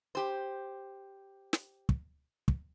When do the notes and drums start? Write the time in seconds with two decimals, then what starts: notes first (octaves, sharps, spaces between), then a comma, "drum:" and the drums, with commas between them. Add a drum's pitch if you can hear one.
0.15 G4 C5
1.53 drum: snare
1.89 drum: kick
2.48 drum: kick